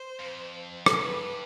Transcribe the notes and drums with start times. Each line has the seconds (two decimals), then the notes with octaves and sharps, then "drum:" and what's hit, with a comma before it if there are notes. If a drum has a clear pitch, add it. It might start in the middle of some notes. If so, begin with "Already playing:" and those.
Already playing: C5
0.19 F2
0.86 A2, drum: rim click
0.97 G2 B4